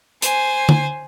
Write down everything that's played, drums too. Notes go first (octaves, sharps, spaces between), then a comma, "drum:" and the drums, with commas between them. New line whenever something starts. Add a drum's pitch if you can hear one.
C5 G#5, drum: hi-hat
drum: tom D3